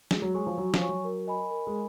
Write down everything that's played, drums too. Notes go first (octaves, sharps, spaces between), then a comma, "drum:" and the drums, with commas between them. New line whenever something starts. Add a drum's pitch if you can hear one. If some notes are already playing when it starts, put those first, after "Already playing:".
G#3 F#4, drum: snare
F#3
G#3 C#5 G#5 C#6
F3
F#3 F#4
F3, drum: snare
C#5 G#5 C#6
F#3
A#4
D#5 G#5 B5
A#4
G#3